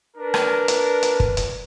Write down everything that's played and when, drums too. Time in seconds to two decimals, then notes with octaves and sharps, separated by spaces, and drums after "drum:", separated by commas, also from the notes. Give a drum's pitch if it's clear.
0.16 D4 A#4 B4
0.34 drum: rim click
0.68 drum: hi-hat
1.03 drum: hi-hat
1.20 drum: kick
1.37 drum: hi-hat